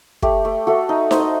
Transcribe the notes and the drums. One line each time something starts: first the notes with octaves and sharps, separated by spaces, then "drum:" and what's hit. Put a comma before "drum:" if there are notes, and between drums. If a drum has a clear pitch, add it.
A3 G4, drum: kick
A3
A3 F#4 A4
D#4
D#4 C5, drum: snare D#4
D#5